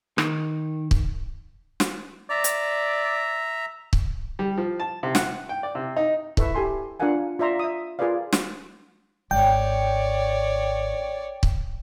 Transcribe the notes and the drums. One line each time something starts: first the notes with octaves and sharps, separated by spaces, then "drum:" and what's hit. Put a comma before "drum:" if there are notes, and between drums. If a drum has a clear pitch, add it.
D#3, drum: rim click
drum: kick
drum: snare
D5 E5 A#5
drum: hi-hat
drum: kick
G3
F3
A5
C3
F#5, drum: snare
G5
D5
C3
D#4
E4 A4 B4 E5 C#6, drum: kick
G4 A4 G#5 C6
D4 F4 A#4 F5 F#5 G#5
F4 D5 E5 A#5 C6
E5 D#6
F4 G#4 A#4 B4 D5 F5
drum: snare
G#1 C#5 D5 G5
drum: kick